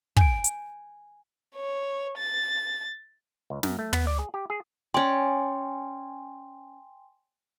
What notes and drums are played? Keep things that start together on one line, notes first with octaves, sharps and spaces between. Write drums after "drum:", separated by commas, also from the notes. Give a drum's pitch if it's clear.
G#5 G6 D7, drum: kick
drum: hi-hat
C#5
A6
C#2
F#2, drum: snare
A3
B3, drum: tom
D5
G#4
G4
G#4
C#4 D5 G5 G#5 C6